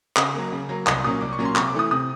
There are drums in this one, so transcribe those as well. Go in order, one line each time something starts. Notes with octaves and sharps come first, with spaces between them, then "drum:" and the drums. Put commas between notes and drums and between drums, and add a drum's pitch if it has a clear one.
C#3 D#6, drum: clap
F#3 A#3
C#3
F#3 A#3
C2 D#6, drum: clap
A#2 F#3 A#3 C#4 D#6
C2 D6
C#6
A#2 F#3 A#3 C#4
C6
C3 C#6, drum: clap
D6
E3 A3 D#6
C3 D#6